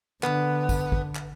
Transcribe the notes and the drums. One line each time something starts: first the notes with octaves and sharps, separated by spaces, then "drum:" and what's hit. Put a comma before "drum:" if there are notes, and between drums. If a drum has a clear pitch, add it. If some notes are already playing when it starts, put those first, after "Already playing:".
D3 B3, drum: clap
drum: kick, tambourine
drum: kick
drum: clap